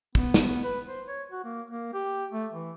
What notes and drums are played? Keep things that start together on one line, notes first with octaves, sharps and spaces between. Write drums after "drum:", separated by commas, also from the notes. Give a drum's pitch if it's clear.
B3, drum: kick
drum: snare
B4
C5
C#5
F#4
A#3
A#3
G4
A3
E3